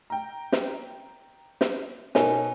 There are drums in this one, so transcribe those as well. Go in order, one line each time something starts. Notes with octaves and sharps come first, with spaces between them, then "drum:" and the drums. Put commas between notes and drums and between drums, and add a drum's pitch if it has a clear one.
G5 A#5
drum: snare
drum: snare
B2 D#4 A4 A#4 C#5 G#5, drum: snare